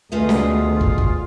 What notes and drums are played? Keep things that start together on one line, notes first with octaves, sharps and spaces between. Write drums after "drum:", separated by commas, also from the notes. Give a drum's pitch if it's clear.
D2 B2 A3 F4 G#4 B4 D#5
drum: snare
drum: kick
drum: kick